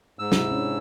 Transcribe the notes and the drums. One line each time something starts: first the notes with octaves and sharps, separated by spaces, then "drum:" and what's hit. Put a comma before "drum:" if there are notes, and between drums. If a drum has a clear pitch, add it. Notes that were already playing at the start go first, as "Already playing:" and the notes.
G#2 E6
C3 E4, drum: snare
C#4 D4